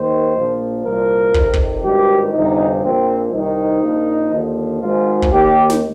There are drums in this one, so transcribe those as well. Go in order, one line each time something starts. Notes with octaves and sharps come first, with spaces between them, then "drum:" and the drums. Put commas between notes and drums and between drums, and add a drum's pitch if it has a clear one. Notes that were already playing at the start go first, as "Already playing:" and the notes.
Already playing: D#2 D#3 C5
A#1 A#2 F3
C2 A#2 F3 A#4
F2 C3 D#3, drum: kick
drum: kick
G#1 G2 D#3 G4
G1 F2 C3 D#4
A#1 A#2 F3 C4
C2 C3 D#3 D#4
A#1 A#2 F3
D#2 D3 F3
G#1 G#2 F3 F4
drum: kick
D#2 D#3 G4
drum: snare